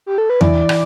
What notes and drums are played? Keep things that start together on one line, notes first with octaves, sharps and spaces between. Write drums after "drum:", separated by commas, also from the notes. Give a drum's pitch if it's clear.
G4
A4
B4
E3 D5, drum: tom E2
drum: rim click